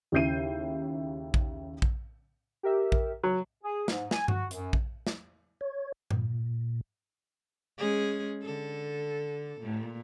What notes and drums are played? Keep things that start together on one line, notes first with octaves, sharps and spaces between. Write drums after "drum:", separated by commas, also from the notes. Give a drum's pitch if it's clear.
D#2 C#3 E4 G6 C7 D#7
drum: kick A#1
drum: kick A#1
G4 A#4 E5
drum: kick A#1
F#3
G#4
G#2, drum: snare
G#5, drum: snare
F#4, drum: tom G2
F#2, drum: hi-hat
drum: kick A#1
drum: snare
C#5
A#2, drum: tom G2
G#3 C#4 G#4
D3 A4
A#2